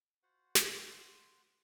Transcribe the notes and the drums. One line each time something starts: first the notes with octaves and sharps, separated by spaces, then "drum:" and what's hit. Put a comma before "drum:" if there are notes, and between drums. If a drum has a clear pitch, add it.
F4 F#4 C5 F#5
drum: snare